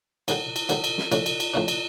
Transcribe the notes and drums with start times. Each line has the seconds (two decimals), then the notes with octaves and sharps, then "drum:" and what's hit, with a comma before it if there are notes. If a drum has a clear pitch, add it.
0.28 D#2 D3 G3, drum: cymbal
0.56 drum: cymbal
0.69 D#2 D3 G3, drum: cymbal
0.84 drum: cymbal
0.98 drum: snare
1.12 A#1 A2 A3 D4, drum: cymbal
1.26 drum: cymbal
1.40 drum: cymbal
1.54 A#1 A2 A3 D4
1.68 drum: cymbal